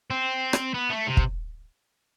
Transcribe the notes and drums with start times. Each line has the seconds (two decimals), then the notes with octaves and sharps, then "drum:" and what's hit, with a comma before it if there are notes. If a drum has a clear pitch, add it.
0.11 C4
0.53 drum: rim click
0.74 B3
0.90 A3
1.07 C3
1.17 drum: kick